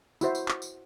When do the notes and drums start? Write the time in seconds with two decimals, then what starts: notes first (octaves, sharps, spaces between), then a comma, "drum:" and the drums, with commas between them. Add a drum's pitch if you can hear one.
0.21 E4 F#4 C5 E5, drum: tambourine
0.35 drum: tambourine
0.48 drum: clap
0.62 drum: tambourine